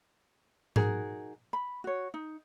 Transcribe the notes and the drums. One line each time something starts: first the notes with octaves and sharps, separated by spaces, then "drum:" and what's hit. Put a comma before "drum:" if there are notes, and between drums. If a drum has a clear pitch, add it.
D#4 F#4 G#4 A#4, drum: tom G#2
B5
F#4 C#5
D#4